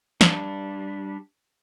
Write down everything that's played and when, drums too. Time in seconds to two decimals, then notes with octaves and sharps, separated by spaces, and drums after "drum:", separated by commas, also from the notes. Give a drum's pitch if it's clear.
0.21 G3 D4, drum: snare